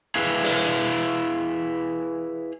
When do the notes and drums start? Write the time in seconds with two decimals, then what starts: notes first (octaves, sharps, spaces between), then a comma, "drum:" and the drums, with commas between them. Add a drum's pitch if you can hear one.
0.16 E4 G#4 B4 F5
0.44 drum: open hi-hat